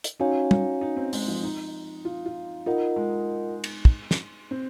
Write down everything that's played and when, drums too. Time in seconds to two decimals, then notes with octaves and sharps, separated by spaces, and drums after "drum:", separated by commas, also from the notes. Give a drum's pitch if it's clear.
0.04 drum: hi-hat
0.20 C#4 D#4 F#4 C#5 F5 G#5
0.51 D#4, drum: tom
0.81 D#4
0.97 C4
1.13 G#3, drum: open hi-hat
1.28 F3
1.43 D#4
2.05 F4
2.26 F4
2.66 D#4 F4 A#4 D#5 F#5
2.96 G#3
3.64 drum: cymbal
3.85 drum: kick
4.11 drum: snare
4.51 C4